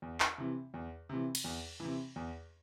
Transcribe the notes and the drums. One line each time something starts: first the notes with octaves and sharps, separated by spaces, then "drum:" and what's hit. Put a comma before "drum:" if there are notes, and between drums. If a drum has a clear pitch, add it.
E2
drum: clap
C3 E3
E2
C3 E3
drum: cymbal
E2
C3 E3
E2